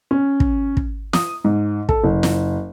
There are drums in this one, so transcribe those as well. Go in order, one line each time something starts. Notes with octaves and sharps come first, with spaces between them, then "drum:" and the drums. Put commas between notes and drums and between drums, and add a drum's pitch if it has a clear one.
C#4
drum: kick
drum: kick
D#6, drum: snare
G#2
A4, drum: kick
F#1
drum: snare